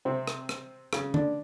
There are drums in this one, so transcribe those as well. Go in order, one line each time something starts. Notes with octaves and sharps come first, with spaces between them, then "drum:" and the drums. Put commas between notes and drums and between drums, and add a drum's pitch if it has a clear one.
C3 C4
drum: rim click
drum: rim click
C#3 C#4, drum: rim click
D3 D4, drum: tom D3